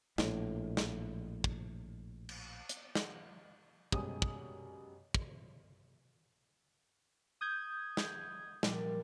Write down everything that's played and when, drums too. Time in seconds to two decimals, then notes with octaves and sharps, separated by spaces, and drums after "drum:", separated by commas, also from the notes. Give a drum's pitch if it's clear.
0.18 A#1 A2, drum: snare
0.77 drum: snare
1.44 drum: kick
2.29 drum: cymbal
2.69 drum: hi-hat
2.95 drum: snare
3.92 F#2 B2 G3 G#3 G#5 D#6, drum: kick
4.22 drum: kick
5.14 drum: kick
7.41 D#6 G6 G#6
7.97 drum: snare
8.63 A#2 F3 G3, drum: snare